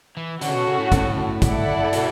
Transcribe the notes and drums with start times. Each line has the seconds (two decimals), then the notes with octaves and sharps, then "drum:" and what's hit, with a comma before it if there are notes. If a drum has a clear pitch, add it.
0.17 E3
0.41 D3 C#4 F#4 A4, drum: hi-hat
0.49 C#3
0.54 B2
0.67 C#3
0.79 A2
0.92 A2, drum: kick, hi-hat
1.42 E4 A4 D5 F#5, drum: kick, hi-hat
1.93 B2, drum: hi-hat